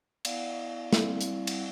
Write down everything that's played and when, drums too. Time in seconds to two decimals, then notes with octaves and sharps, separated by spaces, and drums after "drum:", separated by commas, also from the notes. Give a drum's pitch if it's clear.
0.25 B3 E4 D5 F5, drum: cymbal
0.93 G3 C4 E4, drum: snare
1.21 drum: hi-hat
1.47 drum: cymbal